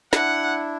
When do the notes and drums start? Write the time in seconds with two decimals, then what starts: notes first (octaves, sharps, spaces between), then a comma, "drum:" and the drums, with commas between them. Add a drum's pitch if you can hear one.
0.13 D4 E4 F#5, drum: snare